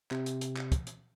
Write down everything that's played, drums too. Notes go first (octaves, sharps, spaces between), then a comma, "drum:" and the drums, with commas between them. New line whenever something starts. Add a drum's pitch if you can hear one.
C3, drum: clap
drum: hi-hat
drum: hi-hat
drum: clap
drum: kick, hi-hat
drum: hi-hat